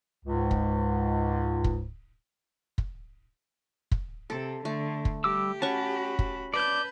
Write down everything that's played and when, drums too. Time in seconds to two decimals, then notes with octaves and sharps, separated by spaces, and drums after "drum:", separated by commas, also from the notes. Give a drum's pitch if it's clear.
0.25 C#2 G#2
0.51 drum: kick
1.64 drum: kick
2.78 drum: kick
3.91 drum: kick
4.30 C3 A4
4.65 D3 A3
5.05 drum: kick
5.24 G3 G4 D6 E6
5.62 C#4 F#4 F#5 A5 B5 C#6
6.19 drum: kick
6.54 B4 D5 A5 G6